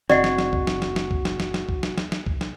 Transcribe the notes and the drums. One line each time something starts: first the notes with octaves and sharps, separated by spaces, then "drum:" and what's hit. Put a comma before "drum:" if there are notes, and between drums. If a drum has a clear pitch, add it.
F#1 C#3 C4 F#4 D5 D#5 F#5, drum: snare
drum: snare
drum: snare
drum: kick C#2
drum: snare
drum: snare
drum: snare
drum: kick C#2
drum: snare
drum: snare
drum: snare
drum: kick C#2
drum: snare
drum: snare
drum: snare
drum: kick C#2
drum: snare